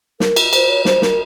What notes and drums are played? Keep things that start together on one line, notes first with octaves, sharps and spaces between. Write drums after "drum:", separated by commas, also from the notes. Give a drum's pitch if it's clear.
A#4, drum: snare
drum: cymbal
C5, drum: cymbal
C#5
C5, drum: snare
A#4, drum: snare